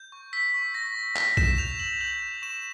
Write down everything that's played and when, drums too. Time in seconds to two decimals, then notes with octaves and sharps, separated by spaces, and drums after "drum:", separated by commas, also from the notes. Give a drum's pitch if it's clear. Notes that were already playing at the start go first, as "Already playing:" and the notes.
Already playing: G6
0.12 C#6
0.33 E6 B6
0.54 C#6
0.74 C#6 A#6
0.95 C#6
1.16 G6 B6, drum: clap
1.37 G6 E7, drum: kick B1
1.58 G6 F7
1.79 E6 F#7
2.01 G6 F#7
2.22 G6
2.42 C#6 E7